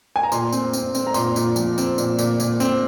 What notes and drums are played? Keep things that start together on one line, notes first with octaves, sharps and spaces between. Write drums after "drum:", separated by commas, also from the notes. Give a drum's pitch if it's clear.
G#5
A#5
A#2 C6, drum: tambourine
C4, drum: tambourine
C4, drum: tambourine
C4, drum: tambourine
A#5
A#2 C6, drum: tambourine
A#2, drum: tambourine
F3, drum: tambourine
C4, drum: tambourine
A#2, drum: tambourine
A#2, drum: tambourine
A#2, drum: tambourine
C4, drum: tambourine